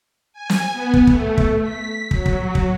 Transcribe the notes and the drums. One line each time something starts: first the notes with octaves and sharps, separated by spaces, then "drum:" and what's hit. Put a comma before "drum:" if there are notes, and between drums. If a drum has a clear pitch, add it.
G#5
drum: snare
B3
drum: kick
A3, drum: kick
drum: kick
B6
F#3, drum: kick
drum: kick
drum: kick